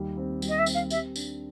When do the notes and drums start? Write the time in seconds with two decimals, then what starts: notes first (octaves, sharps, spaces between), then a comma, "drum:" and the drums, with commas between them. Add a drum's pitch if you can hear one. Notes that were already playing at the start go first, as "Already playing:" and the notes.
Already playing: D#2 G3
0.17 C4
0.42 G3, drum: tambourine
0.48 D#5
0.58 E5
0.66 C4, drum: tambourine
0.74 F5
0.90 G4 E5, drum: tambourine
1.16 D4, drum: tambourine